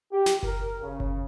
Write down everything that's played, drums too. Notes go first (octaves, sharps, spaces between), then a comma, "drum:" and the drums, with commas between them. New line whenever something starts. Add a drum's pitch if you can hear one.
G4
drum: snare
A#4, drum: kick F#1
C#3
drum: kick F#1